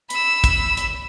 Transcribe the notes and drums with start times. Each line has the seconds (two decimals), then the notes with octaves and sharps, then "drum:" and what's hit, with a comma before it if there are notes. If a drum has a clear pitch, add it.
0.10 B5 E6, drum: hi-hat
0.44 drum: kick, hi-hat
0.77 drum: hi-hat